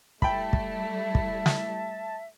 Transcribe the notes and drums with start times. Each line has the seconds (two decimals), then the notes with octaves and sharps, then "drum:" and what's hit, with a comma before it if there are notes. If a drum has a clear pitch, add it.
0.22 G3 A3 E4 E5 G5 A5 B5, drum: kick
0.53 drum: kick
1.15 drum: kick
1.46 drum: snare